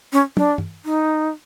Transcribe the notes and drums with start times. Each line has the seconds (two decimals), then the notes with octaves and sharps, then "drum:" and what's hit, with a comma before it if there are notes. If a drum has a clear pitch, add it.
0.12 C#4
0.37 D4, drum: tom
0.58 drum: tom
0.85 D#4